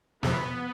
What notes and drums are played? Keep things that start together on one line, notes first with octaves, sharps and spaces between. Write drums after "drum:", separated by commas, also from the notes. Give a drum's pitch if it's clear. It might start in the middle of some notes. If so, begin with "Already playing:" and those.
F2 C#3 F3 B3, drum: snare